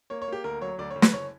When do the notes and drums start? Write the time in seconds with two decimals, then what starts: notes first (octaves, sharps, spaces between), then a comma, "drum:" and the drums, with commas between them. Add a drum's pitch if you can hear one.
0.10 A#3 C#5
0.22 C#5
0.28 A#3 G4
0.44 D2 A#4
0.61 F#3 C#5
0.78 D2 D5
0.91 C#5
0.96 D2
1.02 B4, drum: snare
1.13 F#1 C#5